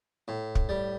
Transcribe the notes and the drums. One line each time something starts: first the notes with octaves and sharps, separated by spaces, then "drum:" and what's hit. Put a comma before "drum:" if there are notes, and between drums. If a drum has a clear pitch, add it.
A2
drum: kick
G3